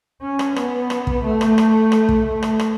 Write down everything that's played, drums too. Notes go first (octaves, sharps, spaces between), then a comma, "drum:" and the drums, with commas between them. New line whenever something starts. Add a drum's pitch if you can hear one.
C#4
drum: rim click
B3, drum: rim click
drum: rim click
drum: kick
A3
drum: rim click
drum: rim click
drum: rim click
drum: kick
A3
drum: rim click
drum: rim click